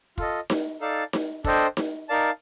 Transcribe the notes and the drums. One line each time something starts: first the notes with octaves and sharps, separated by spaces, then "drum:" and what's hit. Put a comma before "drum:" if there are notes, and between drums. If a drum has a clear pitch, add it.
F4 A4 D#5, drum: kick
drum: snare D#4
D#4 A4 D5 F5 A5
drum: snare D#4
D4 A4 C5 D#5 G5, drum: kick
drum: snare D#4
D#4 A#4 D5 F5 A5